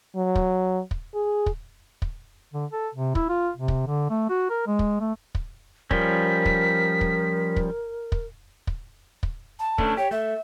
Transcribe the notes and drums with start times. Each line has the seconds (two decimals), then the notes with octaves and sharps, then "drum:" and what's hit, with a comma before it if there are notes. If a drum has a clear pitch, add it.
0.16 F#3
0.35 drum: kick
0.91 drum: kick
1.14 G#4
1.46 drum: kick
2.02 drum: kick
2.54 D3
2.72 A4
2.94 C3
3.15 E4, drum: kick
3.29 F4
3.57 C3
3.68 drum: kick
3.87 D3
4.10 A3
4.29 F#4
4.50 A#4
4.67 G#3
4.79 drum: kick
5.01 A3
5.35 drum: kick
5.91 F3 G3 C#4 A#4 B6, drum: kick
6.46 drum: kick
7.01 drum: kick
7.56 drum: kick
8.12 drum: kick
8.67 drum: kick
9.23 drum: kick
9.59 A5
9.78 A3 C#4 D4, drum: kick
9.97 G4 C#5
10.11 A3 E5